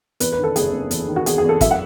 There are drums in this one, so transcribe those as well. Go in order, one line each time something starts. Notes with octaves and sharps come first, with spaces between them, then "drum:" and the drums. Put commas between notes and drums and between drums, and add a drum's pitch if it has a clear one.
E2 B4, drum: hi-hat
B4
D#3
A4
F#1 G#4, drum: hi-hat
F#1
E2, drum: hi-hat
D#3
F#4
E2 G#4, drum: hi-hat
G#4
E2 A4
F#2 E5, drum: kick, hi-hat
F#5